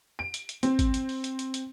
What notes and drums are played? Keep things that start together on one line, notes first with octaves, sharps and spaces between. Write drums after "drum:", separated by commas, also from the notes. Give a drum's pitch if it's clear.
D7
drum: hi-hat
drum: hi-hat
C4, drum: hi-hat
drum: kick G#1, hi-hat
drum: hi-hat
drum: open hi-hat
drum: hi-hat
drum: hi-hat
drum: hi-hat